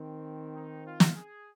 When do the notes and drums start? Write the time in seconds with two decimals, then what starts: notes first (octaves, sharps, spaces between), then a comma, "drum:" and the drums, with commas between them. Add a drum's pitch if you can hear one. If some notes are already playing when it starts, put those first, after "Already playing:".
Already playing: D#3 C4
0.54 D#4
0.85 F4
1.00 drum: snare
1.15 G#4